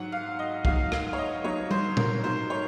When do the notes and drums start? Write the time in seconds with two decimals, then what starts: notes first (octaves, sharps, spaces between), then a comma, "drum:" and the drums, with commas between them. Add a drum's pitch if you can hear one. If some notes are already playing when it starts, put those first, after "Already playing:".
Already playing: G#2 F#3 F#5
0.12 F5
0.39 D#5
0.65 G#2 F#3 F5, drum: kick
0.92 F5, drum: rim click
1.13 C#5
1.18 D#5
1.44 G#2 F#3 C#5
1.71 C5, drum: tom G3
1.97 A#4, drum: tom A#2
2.24 G#2 F#3 C5
2.50 C#5